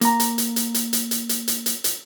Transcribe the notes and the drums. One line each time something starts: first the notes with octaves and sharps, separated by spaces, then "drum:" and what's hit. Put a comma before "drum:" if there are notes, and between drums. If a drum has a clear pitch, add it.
A#3 A#5, drum: hi-hat
drum: hi-hat
drum: hi-hat
drum: hi-hat
drum: hi-hat
drum: hi-hat
drum: hi-hat
drum: hi-hat
drum: hi-hat
drum: hi-hat
drum: hi-hat